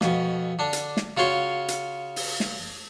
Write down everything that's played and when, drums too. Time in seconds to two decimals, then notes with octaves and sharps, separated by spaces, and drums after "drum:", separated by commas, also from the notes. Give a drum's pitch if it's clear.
0.01 F2 B2, drum: snare
0.59 D3 D4
0.73 drum: hi-hat
0.97 drum: snare
1.17 C#3 F4 F#4 C#5 C6
1.68 drum: hi-hat
2.16 drum: open hi-hat
2.40 drum: snare